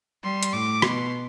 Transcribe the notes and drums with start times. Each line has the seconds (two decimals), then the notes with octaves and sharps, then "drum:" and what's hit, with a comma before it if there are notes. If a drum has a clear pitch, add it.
0.23 G3 C6
0.43 drum: hi-hat
0.53 A2 D6
0.82 B2 C6, drum: rim click